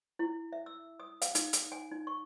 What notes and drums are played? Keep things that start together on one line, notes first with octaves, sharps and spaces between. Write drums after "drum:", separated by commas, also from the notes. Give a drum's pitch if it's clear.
E4
E5
E6
D#6
F5, drum: hi-hat
D#4, drum: hi-hat
drum: hi-hat
G#5
D#4
C#6